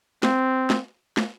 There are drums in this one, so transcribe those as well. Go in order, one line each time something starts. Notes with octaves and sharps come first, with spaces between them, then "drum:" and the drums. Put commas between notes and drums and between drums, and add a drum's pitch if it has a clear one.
C4, drum: snare
drum: snare
drum: snare